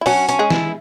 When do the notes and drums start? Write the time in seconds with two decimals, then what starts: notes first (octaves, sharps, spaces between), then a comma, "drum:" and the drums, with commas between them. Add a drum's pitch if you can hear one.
0.01 E4
0.06 F#3 C#4 F#4, drum: open hi-hat
0.29 C#4, drum: hi-hat
0.39 G#3 G#4
0.50 E4, drum: snare E3